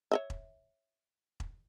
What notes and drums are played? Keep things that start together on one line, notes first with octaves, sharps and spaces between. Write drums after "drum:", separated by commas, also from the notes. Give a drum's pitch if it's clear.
C#5 D#5 E5
drum: kick E1
drum: kick E1